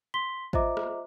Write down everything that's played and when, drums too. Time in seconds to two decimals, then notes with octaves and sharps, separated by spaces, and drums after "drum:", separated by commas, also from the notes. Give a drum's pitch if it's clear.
0.14 C6 B6 G7
0.53 F4 C5 D#5 E5 A#5 D6, drum: kick
0.77 drum: rim click